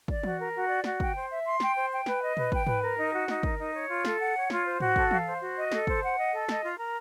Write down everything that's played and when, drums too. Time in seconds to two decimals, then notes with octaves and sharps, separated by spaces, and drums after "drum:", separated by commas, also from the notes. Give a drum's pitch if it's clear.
0.08 D5, drum: kick
0.23 F#4, drum: tom E3
0.39 A#4
0.53 F#4
0.69 D5
0.84 F#4, drum: snare
1.00 G5, drum: kick
1.15 C5
1.30 E5
1.45 C6
1.60 G5, drum: snare
1.76 C5
1.91 G5
2.06 B4, drum: snare
2.22 D#5
2.37 B4, drum: tom A#2
2.52 G5, drum: kick
2.67 B4, drum: tom G#2
2.82 A#4
2.98 D#4
3.13 F#4
3.28 D#4, drum: snare
3.43 A#4, drum: kick
3.59 D#4
3.74 C#5
3.89 F4
4.05 A4, drum: snare
4.19 F#5
4.35 C#5
4.50 F4, drum: snare
4.65 C5
4.80 F#4, drum: tom G#2
4.96 A4, drum: kick
5.11 F5, drum: tom E3
5.26 C5
5.42 F#4
5.57 D#5
5.72 A4, drum: snare
5.87 C5, drum: kick
6.02 F#5
6.18 D#5
6.32 A4
6.49 D#5, drum: snare
6.63 F4
6.79 A#4